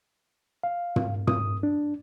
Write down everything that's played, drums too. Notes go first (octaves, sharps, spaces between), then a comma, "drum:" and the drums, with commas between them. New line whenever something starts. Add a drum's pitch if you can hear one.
F5
drum: tom
D#6, drum: tom
D4